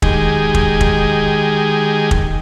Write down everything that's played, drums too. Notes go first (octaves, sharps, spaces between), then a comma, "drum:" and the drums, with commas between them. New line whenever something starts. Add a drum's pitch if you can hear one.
D#3 G#3 G4 G#4, drum: kick
drum: kick
drum: kick
drum: kick